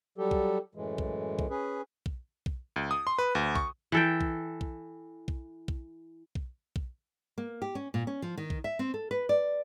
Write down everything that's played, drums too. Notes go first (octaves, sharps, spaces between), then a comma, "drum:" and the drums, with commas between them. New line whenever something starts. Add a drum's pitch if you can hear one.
F#3 G3 G4 A4
drum: kick B1
F#2 A2 E3 G#3
drum: kick B1
drum: kick B1
C#4 G#4 B4
drum: kick B1
drum: kick B1
C#2
D#6
C6
B4
D2
C#6, drum: kick B1
E3 A4 G5
drum: kick B1
drum: kick B1
drum: kick B1
drum: kick B1
drum: kick B1
drum: kick B1
A#3
G4
C#4
A#2
C#4
F3
D#3
drum: kick B1
E5
C4
A4
B4
D5